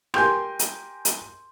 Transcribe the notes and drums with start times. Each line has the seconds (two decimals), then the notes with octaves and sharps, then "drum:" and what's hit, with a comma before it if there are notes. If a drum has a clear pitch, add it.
0.14 G4 A#4 G#5 C6 G6, drum: rim click
0.59 drum: hi-hat
1.05 drum: hi-hat